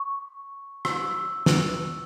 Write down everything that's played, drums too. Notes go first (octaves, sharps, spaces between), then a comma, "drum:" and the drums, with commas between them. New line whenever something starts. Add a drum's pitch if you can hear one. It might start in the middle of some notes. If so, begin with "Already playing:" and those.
Already playing: C#6
E6, drum: rim click
drum: snare